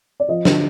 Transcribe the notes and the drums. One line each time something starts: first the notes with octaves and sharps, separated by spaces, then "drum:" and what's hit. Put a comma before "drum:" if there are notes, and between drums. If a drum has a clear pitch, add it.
D5
F3 D#5
D3, drum: snare